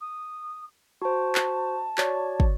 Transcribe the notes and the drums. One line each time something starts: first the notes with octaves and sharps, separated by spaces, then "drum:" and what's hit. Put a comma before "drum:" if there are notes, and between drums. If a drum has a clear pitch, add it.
D#6
F#4 C5 A5
drum: clap
F#4 C#5 D5, drum: clap
drum: kick